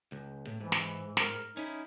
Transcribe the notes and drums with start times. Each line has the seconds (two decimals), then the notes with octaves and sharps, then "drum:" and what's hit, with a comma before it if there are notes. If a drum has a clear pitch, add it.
0.12 C#2
0.47 A2
0.61 G#2 E3
0.72 drum: snare
1.17 A#4, drum: snare
1.57 C#4 D#4 E4